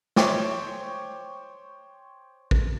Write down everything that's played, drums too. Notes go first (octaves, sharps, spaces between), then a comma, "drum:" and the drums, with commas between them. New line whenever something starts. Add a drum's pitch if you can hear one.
C5 C#5 G5 C#6 D6, drum: snare
drum: kick A1